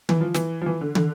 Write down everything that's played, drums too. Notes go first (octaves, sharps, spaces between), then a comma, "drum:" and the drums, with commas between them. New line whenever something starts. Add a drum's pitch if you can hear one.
E3, drum: tom
F3
E3, drum: snare
F3
E3
D3
D3, drum: tom